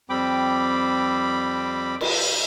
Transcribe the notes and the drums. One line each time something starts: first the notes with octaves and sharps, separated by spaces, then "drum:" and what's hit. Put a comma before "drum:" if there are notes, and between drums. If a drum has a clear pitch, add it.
F2 G3 C4 G5 B5 D6
drum: cymbal